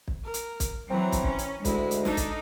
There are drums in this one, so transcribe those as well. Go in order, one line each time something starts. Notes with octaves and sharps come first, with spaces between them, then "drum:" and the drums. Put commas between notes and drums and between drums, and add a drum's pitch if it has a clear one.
drum: kick
A#4
drum: hi-hat
drum: kick, hi-hat
E3 F#3 C4 A#5
drum: kick, hi-hat
C#4, drum: kick
drum: hi-hat
D2 G#3 E4, drum: kick, hi-hat
drum: hi-hat
D4 D#4 A4, drum: snare
drum: kick, hi-hat